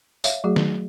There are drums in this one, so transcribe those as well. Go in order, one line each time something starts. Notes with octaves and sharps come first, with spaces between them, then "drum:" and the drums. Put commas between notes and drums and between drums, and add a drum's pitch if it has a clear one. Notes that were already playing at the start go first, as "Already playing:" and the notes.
C#5 E5 F5, drum: tambourine
F#3 A3 F#4 G#4
drum: snare D#3